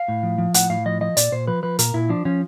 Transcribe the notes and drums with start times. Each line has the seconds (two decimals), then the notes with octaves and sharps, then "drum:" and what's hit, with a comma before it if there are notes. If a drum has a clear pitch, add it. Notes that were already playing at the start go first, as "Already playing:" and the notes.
Already playing: F5
0.08 A2
0.23 F3
0.38 F3
0.54 A2 F#5, drum: hi-hat
0.70 A2 F5
0.86 F3 D#5
1.01 F3 D#5
1.17 A#2 D5, drum: hi-hat
1.32 A#2 C5
1.47 F3 B4
1.63 F3 B4
1.79 A#2 A#4, drum: hi-hat
1.94 A#2 E4
2.09 F3 D4
2.25 F3 C#4